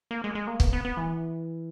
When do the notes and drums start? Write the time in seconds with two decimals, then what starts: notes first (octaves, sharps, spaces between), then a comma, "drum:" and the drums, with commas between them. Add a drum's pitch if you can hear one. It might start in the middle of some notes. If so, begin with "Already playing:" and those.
0.11 A#3
0.24 G#3
0.35 G#3
0.47 A#3
0.60 B3, drum: kick
0.73 B3
0.85 B3
0.97 E3